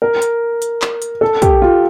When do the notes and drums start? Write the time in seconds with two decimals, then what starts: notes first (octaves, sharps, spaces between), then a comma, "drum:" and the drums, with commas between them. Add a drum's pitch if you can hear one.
0.02 A#4
0.22 drum: hi-hat
0.62 drum: hi-hat
0.82 drum: clap
1.02 drum: hi-hat
1.21 A4
1.42 G4, drum: kick, hi-hat
1.62 F4